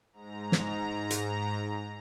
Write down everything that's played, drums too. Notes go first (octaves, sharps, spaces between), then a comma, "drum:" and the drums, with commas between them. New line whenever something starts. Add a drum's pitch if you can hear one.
G#2 A#5
drum: snare
drum: hi-hat